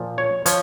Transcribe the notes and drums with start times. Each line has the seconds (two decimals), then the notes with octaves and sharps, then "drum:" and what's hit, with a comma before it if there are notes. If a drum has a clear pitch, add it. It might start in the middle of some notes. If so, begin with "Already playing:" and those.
Already playing: A#2 F3
0.18 C#5
0.46 F3 C#5, drum: hi-hat